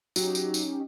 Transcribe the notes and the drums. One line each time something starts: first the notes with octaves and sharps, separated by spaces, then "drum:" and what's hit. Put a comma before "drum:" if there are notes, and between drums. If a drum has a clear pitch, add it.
F#3 C#4 D#4 G4, drum: tambourine
drum: tambourine
drum: tambourine